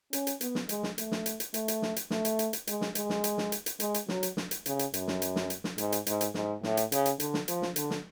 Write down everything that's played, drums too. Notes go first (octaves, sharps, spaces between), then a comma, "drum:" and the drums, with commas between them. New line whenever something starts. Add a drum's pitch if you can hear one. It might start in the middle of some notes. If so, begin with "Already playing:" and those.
C#4, drum: hi-hat
drum: hi-hat
B3, drum: hi-hat
drum: snare
G#3, drum: hi-hat
drum: snare
A3, drum: hi-hat
drum: snare
drum: hi-hat
drum: hi-hat
A3, drum: hi-hat
drum: hi-hat
drum: snare
drum: hi-hat
A3, drum: snare
drum: hi-hat
drum: hi-hat
drum: hi-hat
G#3, drum: hi-hat
drum: snare
G#3, drum: hi-hat
drum: snare
drum: hi-hat
drum: snare
drum: hi-hat
drum: hi-hat
G#3, drum: hi-hat
drum: hi-hat
F#3, drum: snare
drum: hi-hat
drum: snare
drum: hi-hat
C#3, drum: hi-hat
drum: hi-hat
F#2, drum: hi-hat
drum: snare
drum: hi-hat
drum: snare
drum: hi-hat
drum: snare
G#2, drum: hi-hat
drum: hi-hat
G#2, drum: hi-hat
drum: hi-hat
G#2, drum: snare
A2, drum: snare
drum: hi-hat
C#3, drum: hi-hat
drum: hi-hat
D3, drum: hi-hat
drum: snare
F3, drum: hi-hat
drum: snare
D3, drum: hi-hat
drum: snare